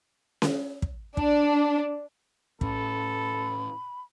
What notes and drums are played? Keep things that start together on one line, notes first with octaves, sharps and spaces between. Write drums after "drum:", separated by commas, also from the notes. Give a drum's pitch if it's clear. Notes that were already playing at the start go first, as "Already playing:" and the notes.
drum: snare C#4
drum: kick
D4, drum: kick
A2 C#4 A4 B5, drum: kick